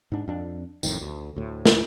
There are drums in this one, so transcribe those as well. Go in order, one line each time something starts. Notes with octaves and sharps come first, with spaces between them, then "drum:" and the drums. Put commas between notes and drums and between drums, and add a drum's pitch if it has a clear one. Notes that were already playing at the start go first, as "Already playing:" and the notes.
G#2 D4
F2 D4
A1 F2 A2 D#3, drum: tambourine
D2
D2 A2
drum: snare